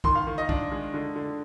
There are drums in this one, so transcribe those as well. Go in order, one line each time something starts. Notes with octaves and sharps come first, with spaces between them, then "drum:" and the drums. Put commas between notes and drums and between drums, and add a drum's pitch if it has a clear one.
D#3 C6, drum: kick A#1
F5
D#3
D#5
D4, drum: kick A#1
G#3
D3
D3